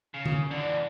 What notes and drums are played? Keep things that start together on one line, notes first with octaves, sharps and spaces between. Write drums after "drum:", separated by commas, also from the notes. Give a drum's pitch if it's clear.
C#3
drum: tom D3
D3 E3 D4